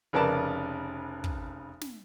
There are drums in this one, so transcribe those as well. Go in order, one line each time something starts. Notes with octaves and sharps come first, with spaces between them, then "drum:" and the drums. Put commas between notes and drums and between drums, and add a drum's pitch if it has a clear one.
F1 C#3 A#4 B4 D5 A5
drum: kick
drum: snare